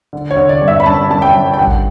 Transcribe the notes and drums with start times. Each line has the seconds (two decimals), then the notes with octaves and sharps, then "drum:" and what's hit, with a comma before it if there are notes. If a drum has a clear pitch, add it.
0.13 D3
0.31 C#5
0.37 D3
0.49 D5
0.62 G1
0.68 E5
0.80 B5
0.85 F#2 A5
1.10 F#2 A5
1.22 G5
1.34 F#2
1.54 G5
1.58 G2 F#5
1.67 drum: kick